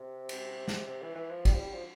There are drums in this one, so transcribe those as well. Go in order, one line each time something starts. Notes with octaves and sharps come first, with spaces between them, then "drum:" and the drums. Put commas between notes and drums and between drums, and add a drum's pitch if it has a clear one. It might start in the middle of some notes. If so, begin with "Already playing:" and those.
Already playing: C3
drum: cymbal
drum: snare
C3
E3
E3
F3
G3, drum: kick, cymbal
F3
G3
F3